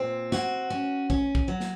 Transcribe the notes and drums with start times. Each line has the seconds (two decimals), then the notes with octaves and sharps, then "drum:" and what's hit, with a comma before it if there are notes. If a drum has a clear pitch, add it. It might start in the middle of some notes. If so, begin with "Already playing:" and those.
Already playing: A#2 C4
0.32 F#4, drum: snare
0.70 C#4
1.10 C#4, drum: kick
1.35 drum: kick
1.48 F#3
1.60 drum: snare